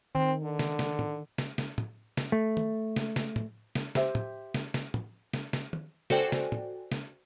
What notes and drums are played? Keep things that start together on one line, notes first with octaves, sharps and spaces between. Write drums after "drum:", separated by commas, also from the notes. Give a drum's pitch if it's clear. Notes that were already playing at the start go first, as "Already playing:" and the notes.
D#3 C4
D3
drum: snare
drum: snare
drum: tom
drum: snare
drum: snare
drum: tom
drum: snare
A3
drum: tom
drum: snare
drum: snare
drum: tom
drum: snare
G4 C5 E5, drum: snare
drum: tom
drum: snare
drum: snare
drum: tom
drum: snare
drum: snare
drum: tom
F#4 A4 C5 D5 G5 G#5, drum: snare
drum: snare
drum: tom
drum: snare